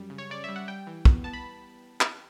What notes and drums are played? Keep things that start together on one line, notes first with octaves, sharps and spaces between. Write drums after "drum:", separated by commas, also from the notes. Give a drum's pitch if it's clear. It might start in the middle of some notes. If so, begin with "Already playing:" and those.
Already playing: F#2 G3
C#3
C#5
C#3 D5
G3 E5
F#5
G3 G5
E3
B3, drum: kick
B3 A5
B5
drum: clap